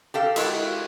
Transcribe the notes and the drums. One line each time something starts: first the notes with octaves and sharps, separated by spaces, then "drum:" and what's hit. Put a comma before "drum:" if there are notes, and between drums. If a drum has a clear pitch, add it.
G4 A4 F5
G#3 E4 F#4 G4, drum: cymbal